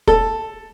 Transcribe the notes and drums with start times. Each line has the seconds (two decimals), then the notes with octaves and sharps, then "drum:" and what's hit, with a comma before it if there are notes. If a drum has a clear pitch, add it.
0.08 A4, drum: kick